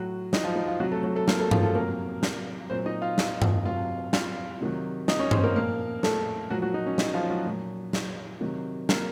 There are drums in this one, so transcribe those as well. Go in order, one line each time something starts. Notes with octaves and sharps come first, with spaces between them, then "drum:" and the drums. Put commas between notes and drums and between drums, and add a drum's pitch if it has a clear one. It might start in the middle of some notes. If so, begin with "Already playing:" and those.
Already playing: A2 F#3 F#4
D#4, drum: snare
F3 F4
D#4
F3 F4
C3 F#3 F#4
A3 A4
F#3 F#4
A3 A4
A#3 A#4, drum: snare
A3 A4
F3 F4, drum: tom G2
A3 A4
C3 F#3 A#3 A#4
drum: snare
A#2 F#3 C4 C5
D#4 D#5
F4 F5
drum: snare
drum: tom G2
C3 F#3 F4 F5
F4 F5, drum: snare
C3 D#3 F#3
D#4 D#5, drum: snare
C#4 C#5
C4 C5, drum: tom G2
A#3 A#4
A#2 F3 A#3 A#4
A3 A4, drum: snare
A#2 F3 F#3 F#4
F#3 F#4
D#4
C#4
D#4, drum: snare
F3 F4
F#3 F#4
A#2 F#3
drum: snare
C3 D#3 F#3
A#3 A#4, drum: snare